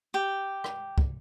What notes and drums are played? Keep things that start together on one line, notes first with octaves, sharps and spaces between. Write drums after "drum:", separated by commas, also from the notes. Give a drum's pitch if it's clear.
G4
drum: rim click
drum: kick